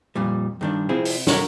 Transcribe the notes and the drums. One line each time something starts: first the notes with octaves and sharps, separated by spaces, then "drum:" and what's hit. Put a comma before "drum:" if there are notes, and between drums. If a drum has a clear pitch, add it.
F2 A#2 G3
G2 D#3 D4
C3 F3 C4 E4 G#4
drum: open hi-hat
F2 B2 F#4 A#4 C#5, drum: snare